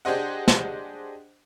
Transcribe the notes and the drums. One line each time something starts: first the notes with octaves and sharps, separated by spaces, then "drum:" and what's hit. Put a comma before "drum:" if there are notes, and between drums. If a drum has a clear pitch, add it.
D4 G4 G#4 C5 D#5 F#5
drum: snare